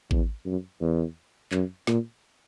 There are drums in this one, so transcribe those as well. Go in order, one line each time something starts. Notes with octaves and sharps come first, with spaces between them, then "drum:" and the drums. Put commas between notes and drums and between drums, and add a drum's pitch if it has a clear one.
E2, drum: kick A1
F#2
E2
F#2, drum: clap
A#2, drum: snare